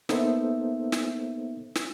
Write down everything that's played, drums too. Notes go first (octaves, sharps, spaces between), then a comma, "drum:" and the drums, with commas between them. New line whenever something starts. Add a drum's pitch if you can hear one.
A#3 B3 D#4 A4 C5 E5, drum: snare
drum: snare
drum: snare